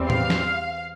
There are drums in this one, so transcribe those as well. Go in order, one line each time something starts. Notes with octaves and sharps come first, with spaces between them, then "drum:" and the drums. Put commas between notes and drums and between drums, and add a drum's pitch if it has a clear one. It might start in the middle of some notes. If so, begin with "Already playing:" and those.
Already playing: E2 E3 G3 C4
F5, drum: tom
drum: snare